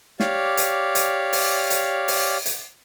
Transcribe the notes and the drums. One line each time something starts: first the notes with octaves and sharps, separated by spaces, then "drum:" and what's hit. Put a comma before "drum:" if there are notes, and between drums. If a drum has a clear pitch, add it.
G4 C#5 D5 F5, drum: snare
drum: hi-hat
drum: hi-hat
drum: open hi-hat
drum: hi-hat
drum: open hi-hat
drum: hi-hat